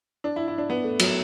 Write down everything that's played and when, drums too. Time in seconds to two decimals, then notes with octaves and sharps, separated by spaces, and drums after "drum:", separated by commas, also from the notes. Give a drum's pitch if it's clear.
0.24 D4
0.36 E4
0.48 E4
0.58 D4
0.70 B3
0.84 A3
0.99 F#3, drum: cymbal